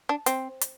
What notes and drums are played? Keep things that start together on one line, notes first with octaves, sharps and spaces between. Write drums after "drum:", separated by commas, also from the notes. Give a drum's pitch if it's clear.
D4
C4, drum: hi-hat
drum: hi-hat